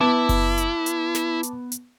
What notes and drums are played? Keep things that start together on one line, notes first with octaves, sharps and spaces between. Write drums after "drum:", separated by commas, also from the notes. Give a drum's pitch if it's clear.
B3 E4 A5 D6
drum: kick F#1, open hi-hat
drum: hi-hat
drum: hi-hat
drum: snare
drum: hi-hat
drum: hi-hat